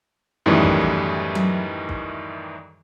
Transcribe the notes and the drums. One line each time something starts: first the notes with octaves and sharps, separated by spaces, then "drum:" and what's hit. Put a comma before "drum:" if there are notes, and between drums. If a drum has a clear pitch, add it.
F#2 A2 D#3 E3 G3
drum: kick
drum: kick
drum: tom F#3
drum: kick